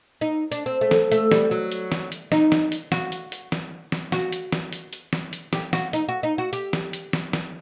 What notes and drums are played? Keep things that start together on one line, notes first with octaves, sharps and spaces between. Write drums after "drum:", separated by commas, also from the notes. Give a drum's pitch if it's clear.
D#4
D4, drum: hi-hat
C4
A3
drum: snare
A3, drum: hi-hat
G3, drum: snare
F#3
drum: hi-hat
drum: snare
drum: hi-hat
D#4, drum: snare
drum: snare
drum: hi-hat
F#4, drum: snare
drum: hi-hat
drum: hi-hat
drum: snare
drum: snare
F#4, drum: snare
drum: hi-hat
drum: snare
drum: hi-hat
drum: hi-hat
drum: snare
drum: hi-hat
G4, drum: snare
F#4, drum: snare
D#4, drum: hi-hat
F#4
D#4
F#4
G4, drum: hi-hat
drum: snare
drum: hi-hat
drum: snare
drum: snare